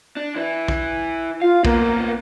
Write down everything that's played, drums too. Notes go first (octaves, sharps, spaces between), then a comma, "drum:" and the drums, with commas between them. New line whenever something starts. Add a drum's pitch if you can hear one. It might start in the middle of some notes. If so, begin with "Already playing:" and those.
D4
E3 E4
drum: kick
F4 F5
A#3 B3 A#4, drum: kick